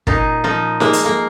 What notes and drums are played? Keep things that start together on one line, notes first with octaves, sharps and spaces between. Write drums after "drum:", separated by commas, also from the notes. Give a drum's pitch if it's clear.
A#2 D#4, drum: kick
F3 D#4
G#3 A#3, drum: snare D#4
drum: hi-hat
A#3